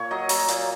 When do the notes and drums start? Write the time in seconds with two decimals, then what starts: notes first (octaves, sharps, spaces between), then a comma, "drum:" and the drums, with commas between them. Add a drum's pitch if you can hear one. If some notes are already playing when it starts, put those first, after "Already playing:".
Already playing: A#2 C#5
0.11 F#3 D#5
0.29 F#3, drum: open hi-hat
0.48 A#2, drum: hi-hat